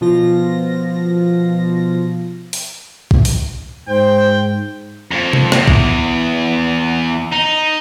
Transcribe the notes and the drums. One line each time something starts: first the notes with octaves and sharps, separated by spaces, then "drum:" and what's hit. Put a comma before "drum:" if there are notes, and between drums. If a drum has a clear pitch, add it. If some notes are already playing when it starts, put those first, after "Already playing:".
B2 F3 F4 A#6
drum: open hi-hat
drum: kick
drum: open hi-hat
G#2 C5 G5
F2
drum: tom C3
E2, drum: rim click
drum: kick
D#4